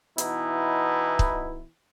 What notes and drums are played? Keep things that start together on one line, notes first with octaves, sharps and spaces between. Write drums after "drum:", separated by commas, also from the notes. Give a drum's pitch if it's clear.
B2 E3 B3 D#4 E4, drum: hi-hat
drum: kick